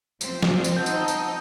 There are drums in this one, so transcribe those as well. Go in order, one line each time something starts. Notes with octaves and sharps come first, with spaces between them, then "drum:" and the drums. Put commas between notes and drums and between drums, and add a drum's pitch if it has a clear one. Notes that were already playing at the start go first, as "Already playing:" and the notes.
F3 C4, drum: tambourine
drum: snare
drum: tambourine
D#4 D#5 F#5 A5 E6 G6
drum: tambourine
drum: tambourine